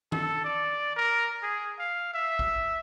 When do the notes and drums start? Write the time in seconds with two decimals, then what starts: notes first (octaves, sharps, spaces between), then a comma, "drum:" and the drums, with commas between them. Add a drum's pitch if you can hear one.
0.12 A4, drum: tom D#3
0.44 D5
0.96 A#4
1.43 G#4
1.79 F5
2.14 E5
2.39 drum: kick